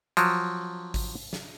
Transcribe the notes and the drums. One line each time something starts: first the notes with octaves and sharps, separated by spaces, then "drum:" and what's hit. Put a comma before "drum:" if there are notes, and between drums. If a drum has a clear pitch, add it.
F3 F#3, drum: hi-hat
drum: kick G#1, open hi-hat
drum: snare